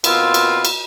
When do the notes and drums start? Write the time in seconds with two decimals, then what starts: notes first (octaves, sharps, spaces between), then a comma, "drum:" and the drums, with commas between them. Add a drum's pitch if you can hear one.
0.04 B2 A#3 C4 E4 F4, drum: cymbal
0.34 drum: cymbal
0.65 drum: cymbal